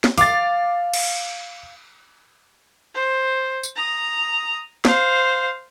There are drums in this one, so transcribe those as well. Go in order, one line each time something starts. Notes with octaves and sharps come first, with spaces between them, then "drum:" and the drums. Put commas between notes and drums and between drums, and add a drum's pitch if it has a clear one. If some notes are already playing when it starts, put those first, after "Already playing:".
drum: snare
F5 D6 A6, drum: open hi-hat
drum: cymbal
C5
drum: tambourine
A#5 D#6
C5 F5, drum: snare